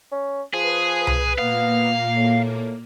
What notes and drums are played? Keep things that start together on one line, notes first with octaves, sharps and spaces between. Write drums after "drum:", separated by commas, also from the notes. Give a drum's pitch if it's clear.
C#4
F3 G#4 B4
drum: tom C2
A#2 A#3 B3 F5
A2